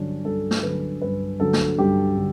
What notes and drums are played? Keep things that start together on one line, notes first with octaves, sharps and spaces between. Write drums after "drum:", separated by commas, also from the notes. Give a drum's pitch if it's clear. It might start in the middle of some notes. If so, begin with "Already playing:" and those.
Already playing: G2 D3 F#3 C#4 D4
G2 A4
drum: snare
D3 F#3 B4
G2 B4
D3 F#3 A4
drum: snare
G2 G4
D3